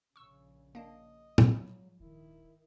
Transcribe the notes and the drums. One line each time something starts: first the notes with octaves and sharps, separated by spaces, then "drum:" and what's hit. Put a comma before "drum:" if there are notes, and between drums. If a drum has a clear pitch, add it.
A#1 C#3 C#6 E6
A#3 D4 D#5
G#2 F3 F#3 B5, drum: tom
D#1 D#3 E4